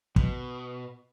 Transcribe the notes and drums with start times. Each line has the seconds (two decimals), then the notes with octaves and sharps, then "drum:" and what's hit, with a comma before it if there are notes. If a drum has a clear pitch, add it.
0.16 B2, drum: kick